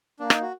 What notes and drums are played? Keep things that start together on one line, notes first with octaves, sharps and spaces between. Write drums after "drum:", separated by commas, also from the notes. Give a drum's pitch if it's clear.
A#3 D4
D#4, drum: rim click
F#4